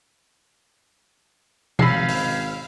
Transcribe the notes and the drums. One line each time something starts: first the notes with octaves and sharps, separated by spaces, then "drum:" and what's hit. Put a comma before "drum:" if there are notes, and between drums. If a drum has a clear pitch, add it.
G#1 C#4 D#4 F5 B5 E6 C7, drum: tom
drum: open hi-hat